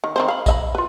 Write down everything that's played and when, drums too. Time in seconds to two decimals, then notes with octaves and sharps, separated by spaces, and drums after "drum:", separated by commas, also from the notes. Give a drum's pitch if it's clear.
0.04 D#3
0.16 D#3 C4 C5
0.28 F5 B5
0.46 D#5 E5 B5, drum: kick A#1, tambourine
0.75 F4 B4